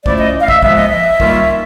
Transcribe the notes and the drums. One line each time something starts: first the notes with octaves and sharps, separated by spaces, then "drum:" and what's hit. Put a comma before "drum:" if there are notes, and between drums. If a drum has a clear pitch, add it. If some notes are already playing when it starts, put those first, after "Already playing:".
F3 A3 C#4 E4 D5, drum: kick
D#5
F5
E5, drum: kick
A#2 F3 G#3 B3 E5, drum: kick
D#5
E5
D#3 G3 A#3 C#4 F4, drum: kick